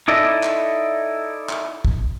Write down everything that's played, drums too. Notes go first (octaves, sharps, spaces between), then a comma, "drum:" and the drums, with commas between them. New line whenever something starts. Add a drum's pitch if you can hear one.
D#4 E4 A4 D5 D#5
drum: clap
drum: clap
drum: kick